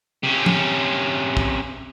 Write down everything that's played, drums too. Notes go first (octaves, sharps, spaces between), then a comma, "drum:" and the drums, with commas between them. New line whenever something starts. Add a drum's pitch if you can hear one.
C3 C#4
drum: tom
drum: kick